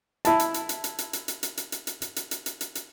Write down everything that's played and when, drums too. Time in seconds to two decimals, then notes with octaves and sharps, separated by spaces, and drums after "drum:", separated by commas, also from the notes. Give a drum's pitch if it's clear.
0.25 E4 A5, drum: hi-hat
0.40 drum: hi-hat
0.54 drum: hi-hat
0.69 drum: hi-hat
0.84 drum: hi-hat
0.98 drum: hi-hat
1.13 drum: hi-hat
1.28 drum: hi-hat
1.43 drum: hi-hat
1.57 drum: hi-hat
1.72 drum: hi-hat
1.87 drum: hi-hat
2.02 drum: hi-hat
2.16 drum: hi-hat
2.31 drum: hi-hat
2.46 drum: hi-hat
2.61 drum: hi-hat
2.75 drum: hi-hat